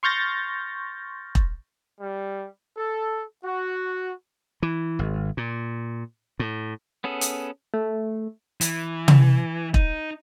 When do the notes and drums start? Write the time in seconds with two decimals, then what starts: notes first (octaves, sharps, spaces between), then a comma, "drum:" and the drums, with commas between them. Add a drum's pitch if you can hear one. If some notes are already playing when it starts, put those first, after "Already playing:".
0.03 C6 C#6 F6 G6 A6 A#6
1.35 drum: kick E1
2.01 G3
2.77 A4
3.44 F#4
4.63 E3
4.99 G#1
5.37 A#2
6.39 A2
7.04 B3 C#4 G#4 A4
7.21 drum: hi-hat
7.74 A3
8.61 E3, drum: hi-hat
9.08 drum: tom
9.74 D#4, drum: kick E1